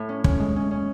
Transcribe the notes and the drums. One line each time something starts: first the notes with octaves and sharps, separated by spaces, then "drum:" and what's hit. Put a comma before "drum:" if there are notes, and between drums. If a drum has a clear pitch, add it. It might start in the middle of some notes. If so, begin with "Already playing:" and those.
Already playing: A2
C#4
C#4, drum: kick
G#3
C#4
C#4